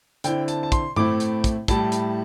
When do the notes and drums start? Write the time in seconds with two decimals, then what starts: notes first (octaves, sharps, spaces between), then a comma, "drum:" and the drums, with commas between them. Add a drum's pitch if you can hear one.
0.24 D3 C4 E4 G5, drum: hi-hat
0.48 A5, drum: hi-hat
0.63 A5
0.72 C6, drum: kick, hi-hat
0.96 A2 A3 C4 E4 D6, drum: tom G2
1.20 drum: hi-hat
1.44 drum: kick, hi-hat
1.68 A2 G3 E4 A5, drum: kick, hi-hat
1.92 drum: hi-hat